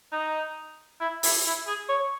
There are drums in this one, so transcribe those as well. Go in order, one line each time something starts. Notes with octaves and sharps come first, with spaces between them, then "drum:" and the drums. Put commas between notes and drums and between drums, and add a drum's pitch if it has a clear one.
D#4
E4
E4, drum: open hi-hat
E4
G#4
C#5